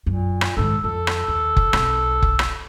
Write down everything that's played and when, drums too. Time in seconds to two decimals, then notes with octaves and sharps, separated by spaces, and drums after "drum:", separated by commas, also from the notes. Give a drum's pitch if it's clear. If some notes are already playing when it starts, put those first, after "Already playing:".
0.06 F#2 A#2
0.41 drum: rim click
0.57 G#2 D#3 A4
0.84 F2 A4
1.07 drum: rim click
1.28 D#2
1.57 drum: kick
1.73 B1 C4, drum: rim click
2.22 drum: kick
2.39 drum: rim click